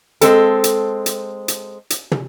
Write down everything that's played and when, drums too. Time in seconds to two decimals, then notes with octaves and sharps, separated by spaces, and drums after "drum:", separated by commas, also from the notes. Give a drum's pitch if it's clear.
0.21 G#3 C4 A4, drum: hi-hat
0.64 drum: hi-hat
1.06 drum: hi-hat
1.48 drum: hi-hat
1.90 drum: hi-hat
2.12 drum: tom